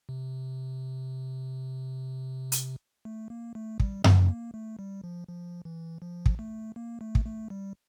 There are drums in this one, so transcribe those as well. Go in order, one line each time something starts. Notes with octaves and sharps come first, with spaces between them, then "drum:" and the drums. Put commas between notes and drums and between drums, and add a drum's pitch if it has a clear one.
C3
drum: hi-hat
A3
A#3
A3
G3, drum: kick
F3, drum: tom F#2
A#3
A3
G3
F3
F3
E3
F3
drum: kick
A3
A#3
A3
drum: kick
A3
G3